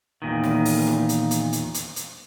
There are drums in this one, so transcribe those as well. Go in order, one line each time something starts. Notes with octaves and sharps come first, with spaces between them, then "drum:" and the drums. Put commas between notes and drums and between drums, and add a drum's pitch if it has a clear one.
E2 A#2 D#3
drum: snare
drum: open hi-hat
drum: snare
drum: hi-hat
drum: hi-hat
drum: hi-hat
drum: hi-hat
drum: hi-hat